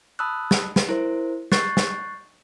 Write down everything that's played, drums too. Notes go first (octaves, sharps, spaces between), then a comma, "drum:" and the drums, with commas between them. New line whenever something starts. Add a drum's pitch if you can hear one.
A5 B5 D#6 E6 F#6
drum: snare
drum: snare
E4 A#4 C5
C#6 F#6 G6 A6 C7, drum: snare
drum: snare